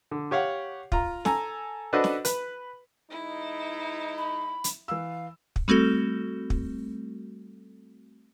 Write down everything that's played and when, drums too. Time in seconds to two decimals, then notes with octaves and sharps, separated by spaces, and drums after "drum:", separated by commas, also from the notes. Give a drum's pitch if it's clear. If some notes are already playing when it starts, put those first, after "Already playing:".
0.11 D3
0.31 G4 C#5 F5 F#5
0.92 F4 A#5, drum: kick
1.25 A4 G#5 A#5, drum: snare
1.93 D4 F#4 A4 B4 C5 D#5
2.04 drum: snare
2.25 B4, drum: hi-hat
3.11 E3 G#3 D#4 E4
4.18 B5
4.64 drum: hi-hat
4.88 E3 F5 E6
5.56 drum: kick
5.68 G3 A3 C4 F#4 A4
6.50 drum: kick